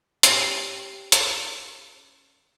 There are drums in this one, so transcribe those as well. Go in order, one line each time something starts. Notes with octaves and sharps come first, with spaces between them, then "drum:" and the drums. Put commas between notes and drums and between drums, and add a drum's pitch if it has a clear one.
C#4 G4 C7, drum: hi-hat
drum: hi-hat